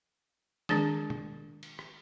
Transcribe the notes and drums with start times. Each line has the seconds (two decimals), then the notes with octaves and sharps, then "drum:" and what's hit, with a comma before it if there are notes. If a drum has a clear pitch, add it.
0.69 D#3 G#3 D4 G#4, drum: snare
1.10 drum: tom B2
1.63 drum: cymbal
1.79 drum: rim click